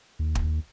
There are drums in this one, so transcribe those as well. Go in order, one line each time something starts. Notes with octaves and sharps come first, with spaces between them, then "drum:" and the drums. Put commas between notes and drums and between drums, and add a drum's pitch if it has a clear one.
D#2
drum: kick